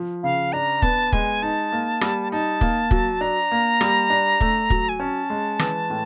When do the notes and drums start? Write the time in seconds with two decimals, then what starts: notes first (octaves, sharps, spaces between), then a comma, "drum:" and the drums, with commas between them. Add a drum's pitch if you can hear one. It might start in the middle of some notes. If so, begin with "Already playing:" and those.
Already playing: F3
0.23 C#3 F5
0.53 D4 A#5
0.82 B3 A5, drum: kick
1.12 G#3 G#5, drum: kick
1.42 D#4 A5
1.73 A#3
2.01 G3, drum: rim click
2.32 D#4 A5
2.61 A#3, drum: kick
2.91 F#3, drum: kick
3.21 D4 A#5
3.52 A#3
3.81 G3, drum: rim click
4.10 D4
4.41 A3, drum: kick
4.70 F#3, drum: kick
4.89 G#5
5.00 C#4 A5
5.30 G#3
5.59 E3, drum: rim click
5.90 A2